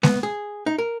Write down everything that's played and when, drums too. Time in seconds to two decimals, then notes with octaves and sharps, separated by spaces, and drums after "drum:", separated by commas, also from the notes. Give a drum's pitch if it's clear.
0.03 B3, drum: snare G#3
0.23 G#4
0.66 D#4
0.78 A#4